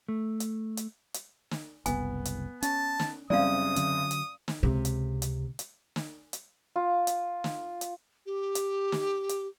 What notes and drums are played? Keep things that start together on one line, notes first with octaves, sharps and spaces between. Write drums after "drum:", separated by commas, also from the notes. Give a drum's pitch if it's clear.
A3
drum: hi-hat
drum: hi-hat
drum: hi-hat
drum: snare
F#1 C2 B3 G#5, drum: hi-hat
drum: hi-hat
C#4 A5, drum: hi-hat
drum: snare
F#1 C#3 G3 C4 D5 F5 D#6
D3 F#3 C#4, drum: hi-hat
drum: hi-hat
drum: snare
C#2 C3
drum: hi-hat
drum: hi-hat
drum: hi-hat
drum: snare
drum: hi-hat
F4
drum: hi-hat
drum: snare
drum: hi-hat
G4
drum: hi-hat
drum: snare
drum: hi-hat